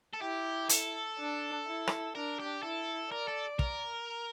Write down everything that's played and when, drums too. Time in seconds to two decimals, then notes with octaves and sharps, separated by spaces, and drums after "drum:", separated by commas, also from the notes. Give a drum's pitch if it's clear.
0.13 A4
0.21 E4 G4
0.69 A4, drum: hi-hat
1.19 D4
1.67 E4
1.87 drum: rim click
2.15 D4 A#4
2.39 G4
2.63 E4 A4
3.11 A#4 D5
3.28 A4
3.59 A#4, drum: kick